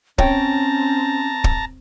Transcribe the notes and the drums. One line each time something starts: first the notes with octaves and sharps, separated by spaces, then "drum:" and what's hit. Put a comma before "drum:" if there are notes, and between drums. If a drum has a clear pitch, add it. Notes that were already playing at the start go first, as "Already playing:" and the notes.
C4 C#4 C#5 G5 A5 A#5, drum: kick
drum: kick